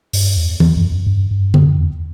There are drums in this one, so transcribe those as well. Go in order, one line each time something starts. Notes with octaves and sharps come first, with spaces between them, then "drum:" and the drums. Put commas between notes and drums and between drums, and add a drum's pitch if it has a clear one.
G2, drum: open hi-hat
E2
E2, drum: tom E3
F#2
F#2
G2
G2
F#2, drum: tom D3
F#2
E2